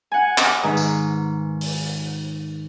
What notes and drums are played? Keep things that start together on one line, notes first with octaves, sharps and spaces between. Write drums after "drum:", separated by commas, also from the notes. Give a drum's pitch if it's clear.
F#5 G#5
drum: clap
G#2 D#3 B4 D#5
drum: tambourine
drum: open hi-hat